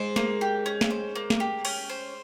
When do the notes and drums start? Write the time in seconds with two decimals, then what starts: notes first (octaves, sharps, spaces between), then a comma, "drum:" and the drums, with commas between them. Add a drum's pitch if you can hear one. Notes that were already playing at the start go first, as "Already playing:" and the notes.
Already playing: G#2 C5
0.16 A#3, drum: snare
0.41 G4
0.66 C#4
0.81 drum: snare
0.90 C5
1.16 A#3
1.30 drum: snare
1.40 G4
1.65 C#4, drum: cymbal
1.89 C5